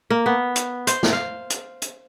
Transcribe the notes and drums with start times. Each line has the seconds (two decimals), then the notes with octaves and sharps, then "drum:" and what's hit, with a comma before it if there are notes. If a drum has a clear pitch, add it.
0.10 A#3
0.26 B3
0.56 drum: hi-hat
0.87 C5, drum: hi-hat
1.03 drum: snare
1.13 F5
1.50 drum: hi-hat
1.82 drum: hi-hat